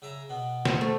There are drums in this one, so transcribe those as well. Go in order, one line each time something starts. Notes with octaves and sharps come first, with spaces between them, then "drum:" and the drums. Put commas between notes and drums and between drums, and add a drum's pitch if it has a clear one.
C#3 E5 A#5
B2 B3
C5, drum: snare
A3